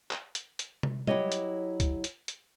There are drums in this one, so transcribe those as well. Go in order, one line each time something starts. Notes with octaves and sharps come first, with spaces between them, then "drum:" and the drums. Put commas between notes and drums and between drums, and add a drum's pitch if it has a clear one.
drum: clap
drum: hi-hat
drum: hi-hat
drum: tom C3
F#3 E4 G4 C#5 D#5, drum: tom G3
drum: hi-hat
drum: kick C#2, hi-hat
drum: hi-hat
drum: hi-hat